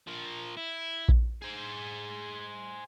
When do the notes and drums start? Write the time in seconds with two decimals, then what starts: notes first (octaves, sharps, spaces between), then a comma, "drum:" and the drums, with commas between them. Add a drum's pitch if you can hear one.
0.07 F3 A#4
0.57 E4
1.09 drum: kick A#1
1.42 G#4 C5